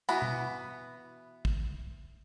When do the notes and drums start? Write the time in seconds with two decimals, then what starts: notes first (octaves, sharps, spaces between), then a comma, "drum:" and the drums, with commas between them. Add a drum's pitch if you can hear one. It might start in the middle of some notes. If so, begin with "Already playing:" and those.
0.09 E3 B3 F#4, drum: hi-hat
0.22 drum: tom B2
1.45 drum: kick